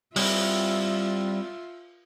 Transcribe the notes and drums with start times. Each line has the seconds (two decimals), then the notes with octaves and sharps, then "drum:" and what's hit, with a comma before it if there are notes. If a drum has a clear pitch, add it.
0.16 G3 C4 E4 F4 E5, drum: open hi-hat